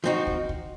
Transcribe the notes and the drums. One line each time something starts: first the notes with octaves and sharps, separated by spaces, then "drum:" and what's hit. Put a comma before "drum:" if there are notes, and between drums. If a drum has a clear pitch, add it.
F3 C4 D#4 F#4
drum: kick
drum: kick